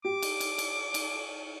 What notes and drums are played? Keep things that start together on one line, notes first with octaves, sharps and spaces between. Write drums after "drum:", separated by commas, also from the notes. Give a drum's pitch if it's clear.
G4 D6
drum: cymbal
drum: cymbal
drum: cymbal
drum: cymbal